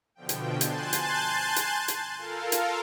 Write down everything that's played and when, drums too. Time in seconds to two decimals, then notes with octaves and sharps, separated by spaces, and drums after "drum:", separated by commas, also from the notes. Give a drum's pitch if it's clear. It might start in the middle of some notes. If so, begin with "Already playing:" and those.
0.15 B2 D3 F3 G5
0.29 drum: hi-hat
0.61 G#5 A5 C6 F#6 G6 A6, drum: hi-hat
0.93 drum: hi-hat
1.56 drum: hi-hat
1.88 drum: hi-hat
2.17 F4 A4 A#4 F5
2.52 drum: hi-hat